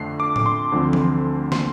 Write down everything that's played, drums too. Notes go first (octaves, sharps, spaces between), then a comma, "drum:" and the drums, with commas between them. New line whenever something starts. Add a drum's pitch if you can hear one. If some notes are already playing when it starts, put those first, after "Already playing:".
Already playing: F2 D3 A3 D4 C7
D6
D6, drum: tom A2
C6
D2 D3 F3 C4
drum: tom E3
C6, drum: snare